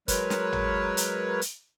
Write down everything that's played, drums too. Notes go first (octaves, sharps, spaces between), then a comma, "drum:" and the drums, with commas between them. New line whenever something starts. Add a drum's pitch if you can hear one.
F#3 G#3 A#4 B4 C#5, drum: kick, hi-hat
drum: snare
drum: tom
drum: hi-hat
drum: hi-hat